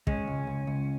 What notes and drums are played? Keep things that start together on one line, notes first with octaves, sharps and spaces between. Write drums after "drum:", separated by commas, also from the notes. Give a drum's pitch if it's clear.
G#3 C#4, drum: kick
C#2
C#2
C#2